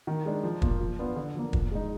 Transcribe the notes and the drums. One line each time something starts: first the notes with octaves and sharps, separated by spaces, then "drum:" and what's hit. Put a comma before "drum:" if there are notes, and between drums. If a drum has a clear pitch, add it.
D#3
G#3 D4
F3
A#3 F4, drum: kick
F3
B3 D4 F4
D3
F3 A#3
F3, drum: kick
G#3 D#4